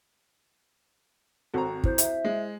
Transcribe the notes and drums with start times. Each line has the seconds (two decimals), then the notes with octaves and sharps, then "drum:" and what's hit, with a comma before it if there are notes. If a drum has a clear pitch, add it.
1.54 G#1 C4 F#4 A4 A#5
1.84 E4 C5 G6, drum: kick
1.98 E5, drum: hi-hat
2.25 G#3